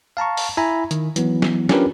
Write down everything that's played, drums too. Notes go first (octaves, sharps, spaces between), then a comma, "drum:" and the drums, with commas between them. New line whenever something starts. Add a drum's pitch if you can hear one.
F5 A5 A#5 C#6
drum: open hi-hat
E4 E5 G#5 A#5 B5
D#3, drum: hi-hat
E3 F#3 B3, drum: hi-hat
drum: snare
C#4 D4 F4 G4 A#4 B4, drum: snare